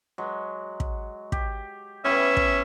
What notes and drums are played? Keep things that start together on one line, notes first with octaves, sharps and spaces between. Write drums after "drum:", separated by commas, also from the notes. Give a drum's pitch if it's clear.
F#3 G#3
drum: kick
G4, drum: kick
G3 B3 C#4 E4 E5
drum: kick